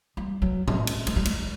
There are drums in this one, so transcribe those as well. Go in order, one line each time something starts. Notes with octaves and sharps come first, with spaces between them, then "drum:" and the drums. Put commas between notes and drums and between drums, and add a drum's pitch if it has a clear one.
G3
F#3
G#3, drum: tom A2
drum: cymbal
G#3, drum: cymbal
G3
G#3, drum: cymbal